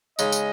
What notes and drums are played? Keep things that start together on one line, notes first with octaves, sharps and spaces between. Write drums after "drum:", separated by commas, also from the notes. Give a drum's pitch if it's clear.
C#3 G#3 D#4 D#5, drum: tambourine
drum: tambourine